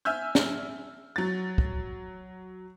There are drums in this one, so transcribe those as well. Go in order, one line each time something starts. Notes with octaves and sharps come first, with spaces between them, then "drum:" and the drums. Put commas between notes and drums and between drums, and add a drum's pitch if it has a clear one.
E5 G#5 E6 F6 G6
drum: snare
F#3 A6
drum: kick